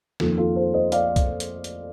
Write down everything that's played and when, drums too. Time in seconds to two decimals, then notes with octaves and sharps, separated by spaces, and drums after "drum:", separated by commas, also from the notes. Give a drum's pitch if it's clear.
0.20 F2 D#3 A#3 F4 A4, drum: snare
0.37 F4 A4
0.56 A4 C5
0.74 C5 D#5
0.92 D5 F5, drum: hi-hat
1.16 drum: kick, hi-hat
1.40 drum: hi-hat
1.64 drum: hi-hat